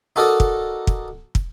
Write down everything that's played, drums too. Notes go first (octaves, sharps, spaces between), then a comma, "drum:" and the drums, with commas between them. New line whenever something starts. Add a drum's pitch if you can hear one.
D#4 F#4 A4 A#4 D5 D#5
drum: kick
drum: kick
drum: kick